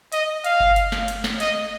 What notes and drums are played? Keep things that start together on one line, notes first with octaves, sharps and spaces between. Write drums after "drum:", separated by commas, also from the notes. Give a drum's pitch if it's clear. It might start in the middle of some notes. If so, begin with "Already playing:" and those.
D#5, drum: hi-hat
F5, drum: hi-hat
drum: kick G1
drum: hi-hat
drum: snare
drum: hi-hat
drum: snare
D#5, drum: hi-hat